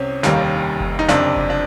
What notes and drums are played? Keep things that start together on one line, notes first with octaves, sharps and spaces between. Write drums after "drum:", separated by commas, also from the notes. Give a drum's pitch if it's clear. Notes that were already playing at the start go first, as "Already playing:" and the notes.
Already playing: C2 C3 C4 C#4
F1 D#2 D#3 G3 A#3, drum: snare
drum: kick F#1
D#4
F#1 F2 C3 D4, drum: snare
drum: kick F#1
D4